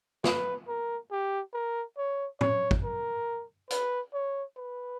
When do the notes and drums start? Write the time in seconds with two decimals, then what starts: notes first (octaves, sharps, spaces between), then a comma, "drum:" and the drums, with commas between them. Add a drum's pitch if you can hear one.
0.24 B4, drum: snare
0.68 A#4
1.11 G4
1.54 A#4
1.97 C#5
2.41 C#5, drum: tom A2
2.71 drum: kick
2.84 A#4
3.70 B4, drum: hi-hat
4.13 C#5
4.57 B4